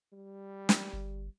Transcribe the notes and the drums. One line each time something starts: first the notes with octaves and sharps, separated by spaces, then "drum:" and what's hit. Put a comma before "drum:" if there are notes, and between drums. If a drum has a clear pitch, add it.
G3
drum: snare
G1